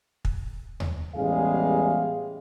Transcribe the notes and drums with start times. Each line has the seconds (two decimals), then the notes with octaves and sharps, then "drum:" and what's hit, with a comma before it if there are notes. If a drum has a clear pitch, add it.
0.25 drum: kick
0.80 drum: tom D#2
1.15 A1 E2 G3 G#3 G#4 F5